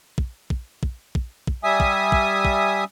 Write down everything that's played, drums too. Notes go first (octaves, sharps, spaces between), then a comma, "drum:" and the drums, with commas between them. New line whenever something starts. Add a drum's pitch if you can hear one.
drum: kick
drum: kick
drum: kick
drum: kick
drum: kick
G3 E5 G#5 D#6
drum: kick
drum: kick
drum: kick